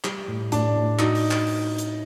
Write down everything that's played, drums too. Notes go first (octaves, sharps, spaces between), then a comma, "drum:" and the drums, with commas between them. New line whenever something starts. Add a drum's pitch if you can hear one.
G3, drum: clap
A2
A2 D4, drum: hi-hat
A2
D#4 F#4, drum: clap
drum: open hi-hat
drum: clap
drum: open hi-hat
drum: hi-hat